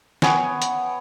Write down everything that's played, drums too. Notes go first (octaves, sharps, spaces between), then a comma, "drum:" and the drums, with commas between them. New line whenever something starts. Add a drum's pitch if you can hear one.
B3 C#5 G5 G#5, drum: snare
drum: hi-hat